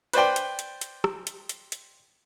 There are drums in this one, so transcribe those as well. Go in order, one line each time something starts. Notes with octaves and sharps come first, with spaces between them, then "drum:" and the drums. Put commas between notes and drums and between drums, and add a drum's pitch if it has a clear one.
B4 C5 D5 G5, drum: hi-hat
drum: hi-hat
drum: hi-hat
drum: hi-hat
drum: rim click
drum: hi-hat
drum: hi-hat
drum: hi-hat